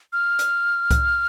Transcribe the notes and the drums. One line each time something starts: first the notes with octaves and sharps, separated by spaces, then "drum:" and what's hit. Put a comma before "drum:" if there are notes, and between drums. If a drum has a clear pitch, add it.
F6
drum: hi-hat
drum: kick C2, hi-hat